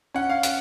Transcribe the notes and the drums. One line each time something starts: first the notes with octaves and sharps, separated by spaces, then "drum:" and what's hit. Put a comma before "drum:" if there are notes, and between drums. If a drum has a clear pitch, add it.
C#4 F#5
F5
F#5, drum: hi-hat